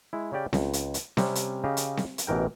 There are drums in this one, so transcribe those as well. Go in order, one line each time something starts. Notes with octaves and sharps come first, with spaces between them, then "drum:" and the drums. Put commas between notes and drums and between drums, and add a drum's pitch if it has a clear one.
G#3 E4
C#3 C#4 G4 D5 G5
C#2, drum: snare C4
drum: hi-hat
drum: hi-hat
C3 G3 C#4, drum: snare C4
drum: hi-hat
C#3 G4 D#5 F5
drum: hi-hat
drum: snare C4
drum: hi-hat
A1 B2 E3 A#4 G5